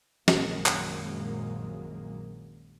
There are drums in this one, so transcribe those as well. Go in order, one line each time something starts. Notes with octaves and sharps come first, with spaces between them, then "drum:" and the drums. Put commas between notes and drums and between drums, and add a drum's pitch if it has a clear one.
A#1 F#2 D#3 F#3 G#3 A#3, drum: snare
drum: clap